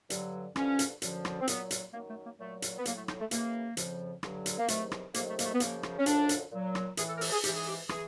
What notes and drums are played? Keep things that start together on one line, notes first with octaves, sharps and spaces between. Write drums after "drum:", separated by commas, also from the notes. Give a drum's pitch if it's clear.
G2 D3 F#3, drum: hi-hat
G2 D3 F3 C#4, drum: rim click
drum: hi-hat
F#2 D3 F3, drum: hi-hat
drum: rim click
C4
A#2 F#3 B3, drum: hi-hat
drum: hi-hat
F#2 D#3 F#3 A#3
A3
A#3
A#2 F#3 A3
drum: hi-hat
B3
A2 F#3 A#3, drum: hi-hat
A3
D#4, drum: rim click
A3
F#2 C#3 E3 A#3, drum: hi-hat
F2 C#3 F3, drum: hi-hat
G2 D3 F#3, drum: rim click
drum: hi-hat
A#3
E2 C3 D#3 F#3 A3, drum: hi-hat
drum: rim click
F2 C3 D#3 F#3 A#3, drum: hi-hat
A3
A#3, drum: hi-hat
A3
B3
F#2 C#3 F3 A#3, drum: hi-hat
drum: rim click
C#4
F#2 D3 F3 D4, drum: hi-hat
drum: hi-hat
A#2 F#3
drum: rim click
A2 E3 G#4, drum: hi-hat
A4
A#4
A4, drum: open hi-hat
G#4
G#2 E3 G4, drum: hi-hat
G#4
G4
E3 G#4, drum: rim click